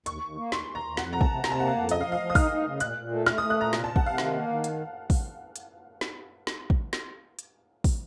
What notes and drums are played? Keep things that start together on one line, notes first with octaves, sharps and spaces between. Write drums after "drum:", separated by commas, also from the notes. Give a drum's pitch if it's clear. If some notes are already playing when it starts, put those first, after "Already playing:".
D#2 C#6, drum: hi-hat
D#2
A#3
D#2 C6, drum: snare
D#2
A#5
D#2
F2 F#5, drum: snare
C3 A#5
A5, drum: kick
C3
C3 A#5, drum: snare
A5
A#3 F#5
A5
F2
C#3 D#5, drum: hi-hat
F5
F3
F5
F3
D#6
D#4 F6, drum: kick, open hi-hat
D#4
C#3
A#2 F#6, drum: hi-hat
A#2
A3
A3 F6, drum: snare
A3 D#6
F#6
A#2 A#5
C3, drum: snare
C3 A5
F#5, drum: kick
C3 F5
D#3, drum: snare
A#3
D#3
drum: hi-hat
drum: kick, open hi-hat
drum: hi-hat
drum: snare
drum: snare
drum: kick
drum: snare
drum: hi-hat
drum: kick, open hi-hat